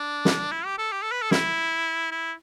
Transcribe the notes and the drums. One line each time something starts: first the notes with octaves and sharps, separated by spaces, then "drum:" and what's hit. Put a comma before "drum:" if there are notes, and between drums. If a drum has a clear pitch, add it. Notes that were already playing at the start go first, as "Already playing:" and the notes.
Already playing: D4
drum: snare
E4
G4
A4
G4
A4
B4
A4
E4, drum: snare
E4